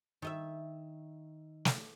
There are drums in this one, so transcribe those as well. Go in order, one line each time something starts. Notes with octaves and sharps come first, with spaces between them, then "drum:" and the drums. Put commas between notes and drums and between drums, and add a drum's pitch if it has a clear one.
D#3 D#5 E5
drum: snare